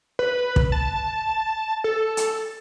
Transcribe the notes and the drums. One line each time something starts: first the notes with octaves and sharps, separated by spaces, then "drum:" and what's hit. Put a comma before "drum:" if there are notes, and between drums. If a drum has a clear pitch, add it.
B4
drum: kick
A5
A4
drum: hi-hat